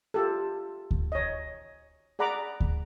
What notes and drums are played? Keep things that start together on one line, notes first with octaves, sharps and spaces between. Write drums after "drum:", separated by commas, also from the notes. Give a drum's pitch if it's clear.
F4 G4 A4
drum: kick D2
C#5 D#5
G#4 D5 F#5 A#5 B5 D6
drum: kick D2